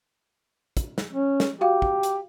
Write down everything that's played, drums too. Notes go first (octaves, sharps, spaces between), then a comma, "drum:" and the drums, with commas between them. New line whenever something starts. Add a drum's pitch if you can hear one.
drum: kick, hi-hat
drum: snare
C#4
drum: snare
F#4 G4 F5
drum: kick
drum: hi-hat